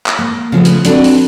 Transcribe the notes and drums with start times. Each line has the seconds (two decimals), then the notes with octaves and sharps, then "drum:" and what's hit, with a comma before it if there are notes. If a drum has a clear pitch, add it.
0.06 drum: clap
0.19 A#3
0.52 C#3 F3 A3 B3
0.65 drum: hi-hat
0.85 C4 D4 F#4 A4 B4, drum: hi-hat
1.04 drum: open hi-hat